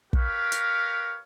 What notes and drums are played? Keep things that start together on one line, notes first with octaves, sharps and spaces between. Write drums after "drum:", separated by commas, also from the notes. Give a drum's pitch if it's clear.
G4 A#4 B4 C#5 F5, drum: kick
drum: hi-hat